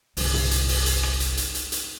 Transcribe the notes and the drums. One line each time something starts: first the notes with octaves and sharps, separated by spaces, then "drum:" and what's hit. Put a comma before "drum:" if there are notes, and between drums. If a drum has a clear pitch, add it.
G1 C2, drum: open hi-hat
drum: tom
drum: hi-hat
drum: open hi-hat
drum: hi-hat
drum: rim click
drum: hi-hat
drum: hi-hat
drum: hi-hat
drum: hi-hat